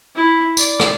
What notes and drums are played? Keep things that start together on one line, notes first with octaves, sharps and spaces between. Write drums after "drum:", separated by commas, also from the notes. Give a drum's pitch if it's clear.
E4
D5, drum: tambourine
drum: rim click